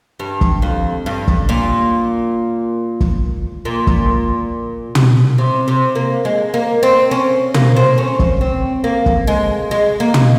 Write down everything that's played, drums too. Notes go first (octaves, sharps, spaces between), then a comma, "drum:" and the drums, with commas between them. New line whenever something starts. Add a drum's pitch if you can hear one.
G2
drum: kick
F2
G2
drum: kick
A#2
drum: kick
A#2
drum: kick
drum: tom
C3
C3
A#3
G#3
A#3
C4
C#4
A#3, drum: tom
C4
C#4
drum: kick
C4
A#3
drum: kick
G#3
G#3
A#3
drum: tom